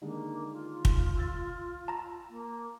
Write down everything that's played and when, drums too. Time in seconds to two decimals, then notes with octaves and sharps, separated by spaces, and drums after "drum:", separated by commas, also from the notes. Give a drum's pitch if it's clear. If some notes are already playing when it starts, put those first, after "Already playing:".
0.02 D3 D#3 G#3 A#3
0.53 F4
0.85 drum: kick
1.17 E6 A6
1.88 A5 A#5
2.30 A#3